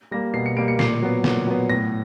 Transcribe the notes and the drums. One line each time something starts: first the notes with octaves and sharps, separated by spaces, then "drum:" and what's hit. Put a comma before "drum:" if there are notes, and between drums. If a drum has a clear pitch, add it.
G3 A#3 A#6
B2 C7
C#7
G3 A#3 D7
C#7
A#2 C7, drum: snare
F#3 B3
A#2, drum: snare
F#3 B3
A2 A#6